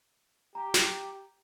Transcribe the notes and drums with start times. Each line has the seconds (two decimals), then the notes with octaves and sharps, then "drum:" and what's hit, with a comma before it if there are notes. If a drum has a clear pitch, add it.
0.55 G4 A#5
0.74 drum: snare